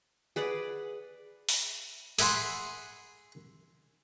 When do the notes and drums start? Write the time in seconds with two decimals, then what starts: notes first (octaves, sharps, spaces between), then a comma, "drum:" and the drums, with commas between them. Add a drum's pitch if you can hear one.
0.36 G#4 B4 D5 F#5
1.49 drum: open hi-hat
2.19 G#4 E5 F#5 B5 C6, drum: open hi-hat